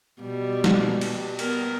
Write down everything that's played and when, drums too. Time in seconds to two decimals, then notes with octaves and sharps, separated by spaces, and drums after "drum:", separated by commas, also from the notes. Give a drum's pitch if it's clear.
0.22 B2 G3
0.64 drum: snare
1.01 drum: cymbal
1.39 B3 A#4, drum: cymbal